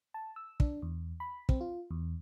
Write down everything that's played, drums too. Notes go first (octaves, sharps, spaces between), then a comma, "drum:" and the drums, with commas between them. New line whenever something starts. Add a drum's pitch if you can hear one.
A5
E6
D4, drum: kick
E2
B5
C4, drum: kick
F4
E2